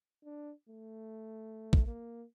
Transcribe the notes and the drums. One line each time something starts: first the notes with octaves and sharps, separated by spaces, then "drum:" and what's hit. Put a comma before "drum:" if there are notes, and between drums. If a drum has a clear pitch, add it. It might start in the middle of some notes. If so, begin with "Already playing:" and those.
D4
A3
drum: kick
A#3